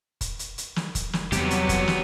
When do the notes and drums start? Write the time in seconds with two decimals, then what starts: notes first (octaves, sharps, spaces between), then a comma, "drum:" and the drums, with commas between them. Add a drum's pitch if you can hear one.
0.21 drum: kick, hi-hat
0.39 drum: hi-hat
0.58 drum: hi-hat
0.76 drum: snare
0.95 drum: kick, hi-hat
1.13 drum: snare
1.32 E2 C3 F#3 G3 B3 G4, drum: hi-hat
1.50 drum: hi-hat
1.69 drum: kick, hi-hat
1.88 drum: snare